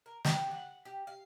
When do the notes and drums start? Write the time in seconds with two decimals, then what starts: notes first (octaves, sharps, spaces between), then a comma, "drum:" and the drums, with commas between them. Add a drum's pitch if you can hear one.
0.06 A#4
0.25 G4, drum: snare
0.51 F#5
0.85 G4
1.07 F5